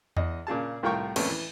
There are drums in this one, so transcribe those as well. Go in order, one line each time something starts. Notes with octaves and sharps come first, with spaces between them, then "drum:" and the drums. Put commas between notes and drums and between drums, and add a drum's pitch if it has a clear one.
E2 D#5, drum: tom E2
A#2 C#3 G#4 A5
C2 A2 F4 A#4 G5 C#6
F2 A#2 A3 B3 C#4, drum: cymbal
E3